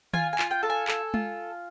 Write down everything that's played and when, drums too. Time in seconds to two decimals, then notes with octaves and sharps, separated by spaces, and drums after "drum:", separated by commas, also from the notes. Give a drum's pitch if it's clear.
0.13 F4 G#5, drum: tom D#3
0.33 G#5
0.39 F4, drum: clap
0.51 G5
0.63 A4 A5
0.70 G#5
0.88 A4, drum: clap
1.14 F4, drum: tom G#3